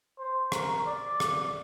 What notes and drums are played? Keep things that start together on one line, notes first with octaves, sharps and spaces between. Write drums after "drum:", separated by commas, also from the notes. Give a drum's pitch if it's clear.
C5
A#4, drum: rim click
D5
drum: rim click